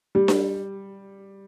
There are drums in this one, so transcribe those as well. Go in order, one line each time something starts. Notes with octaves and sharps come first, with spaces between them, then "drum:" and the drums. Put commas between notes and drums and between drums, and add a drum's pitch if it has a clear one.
G3
drum: snare D4